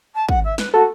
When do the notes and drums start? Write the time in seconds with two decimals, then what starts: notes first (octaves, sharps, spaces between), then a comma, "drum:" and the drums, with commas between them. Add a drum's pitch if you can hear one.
0.14 A5
0.29 F#5, drum: kick
0.44 E5
0.58 B4, drum: snare
0.73 F#4 A4